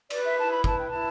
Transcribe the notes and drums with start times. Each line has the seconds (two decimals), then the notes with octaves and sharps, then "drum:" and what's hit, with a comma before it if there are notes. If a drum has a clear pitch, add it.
0.10 B4 D5, drum: cymbal
0.24 E5
0.37 E4 A5
0.51 B5
0.64 B4 A5, drum: kick
0.76 G5
0.87 E4 A5